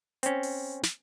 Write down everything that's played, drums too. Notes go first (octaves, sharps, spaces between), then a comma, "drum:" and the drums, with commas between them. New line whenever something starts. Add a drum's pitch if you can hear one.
C4 C#4, drum: hi-hat
drum: open hi-hat
drum: snare